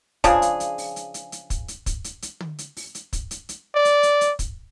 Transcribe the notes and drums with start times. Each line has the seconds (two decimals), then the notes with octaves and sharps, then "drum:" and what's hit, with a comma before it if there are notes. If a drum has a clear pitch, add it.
0.24 C#3 F3 D4 G#4, drum: kick, hi-hat
0.42 drum: hi-hat
0.60 drum: hi-hat
0.78 drum: open hi-hat
0.96 drum: hi-hat
1.14 drum: hi-hat
1.32 drum: hi-hat
1.50 drum: kick, hi-hat
1.68 drum: hi-hat
1.86 drum: kick, hi-hat
2.04 drum: hi-hat
2.22 drum: hi-hat
2.40 drum: tom
2.59 drum: hi-hat
2.77 drum: open hi-hat
2.95 drum: hi-hat
3.13 drum: kick, hi-hat
3.31 drum: hi-hat
3.49 drum: hi-hat
3.75 D5
3.85 drum: hi-hat
4.03 drum: hi-hat
4.21 drum: hi-hat
4.39 drum: kick, hi-hat